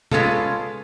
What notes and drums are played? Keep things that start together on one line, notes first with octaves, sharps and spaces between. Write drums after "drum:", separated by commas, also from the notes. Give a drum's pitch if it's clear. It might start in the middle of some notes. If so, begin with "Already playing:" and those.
G#3 B3 C#4 F4 A4, drum: tom C3